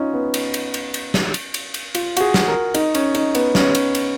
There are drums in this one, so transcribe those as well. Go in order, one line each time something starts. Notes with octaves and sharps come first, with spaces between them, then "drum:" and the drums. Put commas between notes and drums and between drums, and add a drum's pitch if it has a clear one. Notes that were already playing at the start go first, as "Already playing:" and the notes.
Already playing: C#4 D#4 F4
B3
drum: cymbal
drum: cymbal
drum: cymbal
drum: cymbal
drum: snare
drum: cymbal
drum: cymbal
drum: cymbal
F4, drum: cymbal
F#4, drum: cymbal
G#4
drum: snare
A#4
D#4, drum: cymbal
C#4, drum: cymbal
D#4, drum: cymbal
B3, drum: cymbal
C#4, drum: snare
drum: cymbal
drum: cymbal